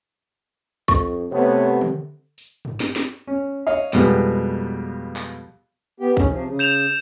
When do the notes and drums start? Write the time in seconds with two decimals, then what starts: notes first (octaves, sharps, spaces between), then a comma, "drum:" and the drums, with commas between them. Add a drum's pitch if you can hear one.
0.88 F2 C#6, drum: kick
1.31 C3 A3 B3 C#5
1.81 drum: tom D3
2.38 drum: open hi-hat
2.65 drum: tom G2
2.80 drum: snare
2.96 drum: snare
3.27 C#4
3.67 C#5 D#5 F5
3.93 F2 B2 F3 G3 G#3 B3, drum: snare
5.16 drum: clap
6.00 B3 G4
6.17 D#2 C#3 C#4, drum: kick
6.30 C3 F3
6.46 C#3
6.59 G6 E7 F7